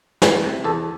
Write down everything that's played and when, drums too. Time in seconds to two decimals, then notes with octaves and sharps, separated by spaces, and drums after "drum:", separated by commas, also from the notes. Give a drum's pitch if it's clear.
0.22 E3 B4, drum: snare
0.43 C3
0.64 E2 A4